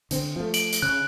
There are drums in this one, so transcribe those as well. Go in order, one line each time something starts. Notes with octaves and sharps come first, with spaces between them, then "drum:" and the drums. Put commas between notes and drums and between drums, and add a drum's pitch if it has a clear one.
D3 C4, drum: hi-hat
F3 A3
D7 F#7, drum: hi-hat
drum: hi-hat
C#3 F#6